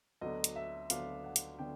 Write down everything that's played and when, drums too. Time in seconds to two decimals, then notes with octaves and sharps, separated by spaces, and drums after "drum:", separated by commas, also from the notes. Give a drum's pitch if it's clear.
0.21 D2 D3 F#3 B3 D4 D#5
0.44 drum: hi-hat
0.56 E5
0.90 D2 D3 F#3 B3 D4 F5, drum: hi-hat
1.24 F#5
1.36 drum: hi-hat
1.58 D3 F#3 B3 D4 G5